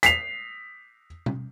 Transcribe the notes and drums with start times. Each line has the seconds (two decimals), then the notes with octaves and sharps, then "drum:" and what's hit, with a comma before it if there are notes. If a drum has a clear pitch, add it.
0.03 B6 C7 F7, drum: hi-hat
1.26 drum: tom